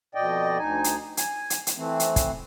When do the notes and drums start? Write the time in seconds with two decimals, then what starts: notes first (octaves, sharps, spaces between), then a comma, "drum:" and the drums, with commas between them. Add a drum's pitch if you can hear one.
0.15 F2 B2 D5 D#5 G5
0.58 D2 D#4 G#5
0.84 drum: hi-hat
1.17 G#5, drum: hi-hat
1.50 drum: hi-hat
1.67 drum: hi-hat
1.77 E3 A3 C4
2.00 drum: hi-hat
2.16 drum: kick, hi-hat